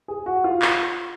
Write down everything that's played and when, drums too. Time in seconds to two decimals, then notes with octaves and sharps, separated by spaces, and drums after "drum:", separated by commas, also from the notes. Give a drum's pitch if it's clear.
0.08 G#4
0.26 F#4
0.44 F4
0.62 drum: clap